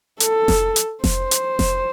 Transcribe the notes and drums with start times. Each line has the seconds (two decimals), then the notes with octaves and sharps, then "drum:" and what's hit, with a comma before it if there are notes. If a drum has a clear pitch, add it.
0.20 A4, drum: hi-hat
0.48 drum: snare F1
0.76 drum: hi-hat
1.04 C5, drum: snare F1
1.31 drum: hi-hat
1.59 drum: snare F1